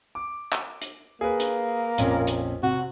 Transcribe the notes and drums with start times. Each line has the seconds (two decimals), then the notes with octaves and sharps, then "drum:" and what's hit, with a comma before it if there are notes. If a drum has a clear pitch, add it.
0.15 D6
0.52 drum: clap
0.82 drum: hi-hat
1.21 A#3 G#4 B4
1.40 drum: hi-hat
1.98 A#1 F2 C#4, drum: hi-hat
2.27 drum: hi-hat
2.63 C3 F#4